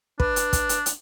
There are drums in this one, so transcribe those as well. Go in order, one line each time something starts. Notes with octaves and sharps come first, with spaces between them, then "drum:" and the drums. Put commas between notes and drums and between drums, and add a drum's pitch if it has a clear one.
D4 B4, drum: kick
drum: hi-hat
drum: kick, hi-hat
drum: hi-hat
drum: hi-hat